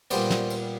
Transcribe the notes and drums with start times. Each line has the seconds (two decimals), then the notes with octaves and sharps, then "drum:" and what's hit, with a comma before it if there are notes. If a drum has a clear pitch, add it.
0.11 A#2 G3 B3 C5 D5, drum: cymbal
0.30 drum: snare
0.50 drum: cymbal